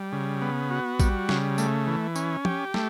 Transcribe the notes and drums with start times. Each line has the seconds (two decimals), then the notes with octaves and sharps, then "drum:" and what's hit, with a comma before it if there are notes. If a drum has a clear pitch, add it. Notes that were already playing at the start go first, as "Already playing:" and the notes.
Already playing: G3
0.12 C#3
0.41 B3
0.71 F#4
1.00 G3, drum: kick, tambourine
1.29 C#3, drum: snare
1.58 A3, drum: tambourine
1.87 E3
2.16 C#4, drum: tambourine
2.45 G4, drum: tom
2.74 A3, drum: snare